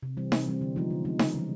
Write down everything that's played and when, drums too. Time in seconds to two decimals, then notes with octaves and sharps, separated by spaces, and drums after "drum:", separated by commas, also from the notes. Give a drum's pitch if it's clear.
0.03 C3
0.17 E3 G3 C4
0.32 C3, drum: snare D#4
0.46 E3 G3 C4
0.61 D3
0.76 F3 G#3 B3 D#4
0.90 D3
1.05 F3 G#3 B3 D#4
1.19 C#3, drum: snare D#4
1.34 E3 G3